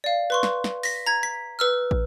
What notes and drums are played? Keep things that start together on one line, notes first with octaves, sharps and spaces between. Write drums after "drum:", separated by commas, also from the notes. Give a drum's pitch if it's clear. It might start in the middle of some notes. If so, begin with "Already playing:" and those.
D5 F5
B4 C6 C#6
drum: snare
drum: snare
A#6 B6, drum: open hi-hat
A#5 G#6
B6
B4 E6 F6
drum: kick